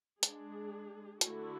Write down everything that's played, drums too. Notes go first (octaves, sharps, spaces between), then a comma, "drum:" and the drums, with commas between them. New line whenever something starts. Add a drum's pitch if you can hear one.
G#3 D4 G#4, drum: hi-hat
D3 A3 E4 F#4, drum: hi-hat